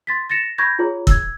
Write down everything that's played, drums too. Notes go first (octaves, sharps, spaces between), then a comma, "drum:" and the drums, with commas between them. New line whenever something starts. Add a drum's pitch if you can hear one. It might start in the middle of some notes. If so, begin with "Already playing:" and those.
C6 A6 B6
A6 A#6 C#7 E7
B5 C#6 G6 G#6 A#6
F4 G#4 C#5 A#5
E6 G#6, drum: kick